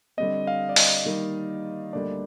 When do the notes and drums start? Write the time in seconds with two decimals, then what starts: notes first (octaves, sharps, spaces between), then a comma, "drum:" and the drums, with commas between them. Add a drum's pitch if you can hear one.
0.17 D3 G3 C4 D#5
0.47 F5
0.69 D5
0.76 D#5, drum: open hi-hat
1.05 D#3 G3 A#3 D#4
1.93 D2 D3 G3 A#3 D4 D5